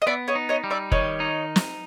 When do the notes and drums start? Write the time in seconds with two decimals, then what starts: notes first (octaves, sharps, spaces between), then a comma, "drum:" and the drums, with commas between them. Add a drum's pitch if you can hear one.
0.02 D#5
0.07 B3 D5 E5
0.28 C#5 D#5
0.35 D#4
0.49 C#5 D#5
0.64 G3
0.70 D5 E5
0.92 D#3 C#5 D#5, drum: kick
1.20 D#4
1.56 drum: snare